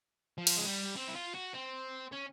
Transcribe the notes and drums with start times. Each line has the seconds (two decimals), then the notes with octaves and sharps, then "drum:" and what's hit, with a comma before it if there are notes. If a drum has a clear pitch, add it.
0.38 F3
0.47 drum: cymbal
0.56 G#3
0.67 G3
0.96 C4
1.08 E4
1.15 F4
1.34 F#4
1.53 C4
2.12 C#4